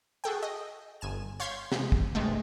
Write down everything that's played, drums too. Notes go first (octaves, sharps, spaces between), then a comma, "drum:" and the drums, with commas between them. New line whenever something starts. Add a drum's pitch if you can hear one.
F#4 G#4 A4 G5
D#5
G1 G#5 E7
C#5 F5 C6 G6 G#6 B6
C3 G#3, drum: snare
drum: kick
G2 C3 G#3 A3